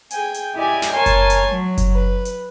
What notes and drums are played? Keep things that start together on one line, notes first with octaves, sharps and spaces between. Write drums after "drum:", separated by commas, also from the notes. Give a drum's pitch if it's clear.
G#4 G5 G#5, drum: hi-hat
drum: hi-hat
E4 G4 D5 D#5 G#5
drum: snare
A#4 C#5 G#5 A5 C6 G#6
drum: kick F#1, hi-hat
drum: hi-hat
F#3
drum: kick F#1, hi-hat
B4
drum: hi-hat